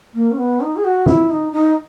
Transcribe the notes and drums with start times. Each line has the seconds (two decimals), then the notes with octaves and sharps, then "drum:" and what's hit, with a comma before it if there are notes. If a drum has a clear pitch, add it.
0.14 A#3
0.31 C#4
0.38 B3
0.61 D#4
0.76 G#4
0.84 F#4
1.06 E4, drum: tom D#3
1.30 D#4
1.52 D#4